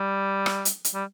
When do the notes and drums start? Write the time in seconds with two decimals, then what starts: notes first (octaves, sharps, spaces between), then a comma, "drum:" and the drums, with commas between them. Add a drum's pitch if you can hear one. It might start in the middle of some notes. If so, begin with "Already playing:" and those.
Already playing: G3
0.46 drum: rim click
0.65 drum: hi-hat
0.85 drum: hi-hat
0.94 G3